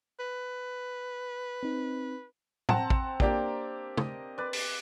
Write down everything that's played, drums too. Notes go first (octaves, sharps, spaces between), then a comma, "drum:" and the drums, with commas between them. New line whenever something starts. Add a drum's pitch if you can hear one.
B4
C4 D#4
C4 F#5 A5 A#5, drum: tom
drum: kick
A#3 D4 G4, drum: kick
D#5, drum: tom
B4 D5
drum: open hi-hat